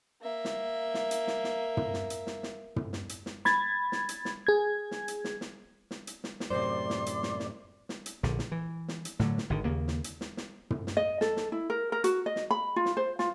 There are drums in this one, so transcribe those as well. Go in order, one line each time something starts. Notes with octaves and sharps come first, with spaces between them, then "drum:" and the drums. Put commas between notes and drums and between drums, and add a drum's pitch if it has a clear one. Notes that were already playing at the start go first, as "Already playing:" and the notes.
A#3 E5
drum: snare
drum: snare
drum: hi-hat
drum: snare
drum: snare
drum: tom
drum: snare
drum: hi-hat
drum: snare
drum: snare
drum: tom
drum: snare
drum: hi-hat
drum: snare
B5 G#6 A6, drum: snare
drum: snare
drum: hi-hat
drum: snare
G#4 G#6
drum: snare
drum: hi-hat
drum: snare
drum: snare
drum: snare
drum: hi-hat
drum: snare
drum: snare
F#2 A2 C3 C5 D5 C6
drum: snare
drum: hi-hat
drum: snare
drum: snare
drum: snare
drum: hi-hat
A#1 D3, drum: snare
drum: snare
E3
drum: snare
drum: hi-hat
A2 D3 F#3, drum: snare
drum: snare
G#1 D3 D#3
D#2 C#3 A#3
drum: snare
drum: hi-hat
drum: snare
drum: snare
drum: tom
drum: snare
D#5
A4, drum: snare
drum: snare
E4
A#4
A#4
F#4, drum: hi-hat
D#5
drum: snare
B5
F4
drum: snare
C5
F4, drum: snare